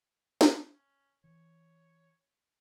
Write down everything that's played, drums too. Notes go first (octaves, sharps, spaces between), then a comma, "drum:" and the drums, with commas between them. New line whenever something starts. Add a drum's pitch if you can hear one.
drum: snare
C#4
E3 C#5